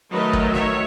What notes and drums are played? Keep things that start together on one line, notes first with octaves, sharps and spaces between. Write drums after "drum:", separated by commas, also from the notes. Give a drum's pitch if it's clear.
D#3 F#3 A3 B4 D#5
drum: kick
C#5 E5, drum: snare